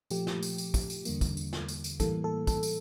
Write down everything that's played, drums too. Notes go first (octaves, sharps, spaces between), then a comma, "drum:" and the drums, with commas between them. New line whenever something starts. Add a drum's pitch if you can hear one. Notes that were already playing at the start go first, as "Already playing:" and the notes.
A#2 F3 A3 G4, drum: tambourine
drum: snare
drum: tambourine
drum: tambourine
drum: kick, tambourine
drum: tambourine
E2 D3 G3 A#3, drum: tambourine
drum: kick, tambourine
drum: tambourine
drum: snare
drum: tambourine
drum: tambourine
A2 E3 G3 A#3 A4, drum: kick, tambourine
A4
A4, drum: kick, tambourine
drum: tambourine